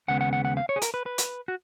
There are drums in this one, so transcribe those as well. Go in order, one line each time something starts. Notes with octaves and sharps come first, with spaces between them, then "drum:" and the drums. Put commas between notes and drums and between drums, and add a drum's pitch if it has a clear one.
D#2 C#3 G#3 B3 F#5
F#5
F#5
F#5
F5
C#5
G#4
A#4, drum: hi-hat
B4
B4
drum: hi-hat
F#4